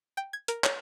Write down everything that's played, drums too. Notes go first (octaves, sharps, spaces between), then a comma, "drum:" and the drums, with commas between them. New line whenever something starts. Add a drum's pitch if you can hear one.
G5
G#6
A#4, drum: hi-hat
C#5, drum: clap